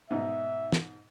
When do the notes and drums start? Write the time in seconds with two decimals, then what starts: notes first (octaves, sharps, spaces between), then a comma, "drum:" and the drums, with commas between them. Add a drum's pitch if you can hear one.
0.11 G#2 B2 D#4 E5
0.72 drum: snare